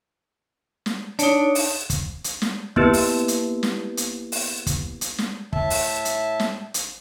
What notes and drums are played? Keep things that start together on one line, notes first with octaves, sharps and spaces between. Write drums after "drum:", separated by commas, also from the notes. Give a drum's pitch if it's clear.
drum: snare
D4 D#4 C#5, drum: hi-hat
drum: open hi-hat
drum: kick, hi-hat
drum: hi-hat
drum: snare
A#3 B3 E4 G4 B4, drum: kick
drum: open hi-hat
drum: hi-hat
drum: snare
drum: hi-hat
drum: open hi-hat
drum: kick, hi-hat
drum: hi-hat
drum: snare
A2 E5 A5, drum: kick
drum: open hi-hat
drum: hi-hat
drum: snare
drum: hi-hat